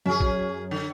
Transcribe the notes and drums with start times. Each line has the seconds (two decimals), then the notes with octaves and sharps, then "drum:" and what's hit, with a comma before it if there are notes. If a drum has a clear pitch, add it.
0.06 F#2 C#4 G#4
0.20 drum: kick
0.71 D3